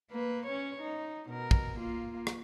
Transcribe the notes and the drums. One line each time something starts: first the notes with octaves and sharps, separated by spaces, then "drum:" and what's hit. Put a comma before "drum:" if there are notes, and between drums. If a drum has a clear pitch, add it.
A#3 B4
C#4 C#5
D#4
B2 A#4
drum: kick
A#3 F4
drum: rim click